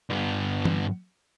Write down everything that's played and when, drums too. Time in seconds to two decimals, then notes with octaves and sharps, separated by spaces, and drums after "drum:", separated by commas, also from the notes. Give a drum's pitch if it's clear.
0.10 G2 B3
0.65 drum: tom E3